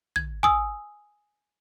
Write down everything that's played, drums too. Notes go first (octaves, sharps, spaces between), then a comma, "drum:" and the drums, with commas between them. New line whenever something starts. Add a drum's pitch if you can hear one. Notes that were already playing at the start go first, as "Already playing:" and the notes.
G#6, drum: tom
G#5 D#6 E6, drum: kick